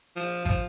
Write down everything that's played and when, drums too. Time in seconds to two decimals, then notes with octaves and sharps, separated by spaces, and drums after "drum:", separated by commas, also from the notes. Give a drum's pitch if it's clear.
0.16 F3
0.45 F3, drum: kick G#1, hi-hat